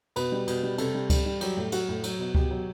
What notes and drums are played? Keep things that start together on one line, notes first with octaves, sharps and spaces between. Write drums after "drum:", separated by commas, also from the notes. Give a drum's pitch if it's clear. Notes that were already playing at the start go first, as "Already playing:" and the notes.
B2 B4, drum: cymbal
G3
B2, drum: cymbal
G3
C3 A4, drum: cymbal
G3
G3, drum: kick C#2, cymbal
G3
F#3 G4, drum: cymbal
A2
F#3 F#4, drum: cymbal
A2
F#3, drum: cymbal
B2
B2 G4, drum: kick C#2
F#3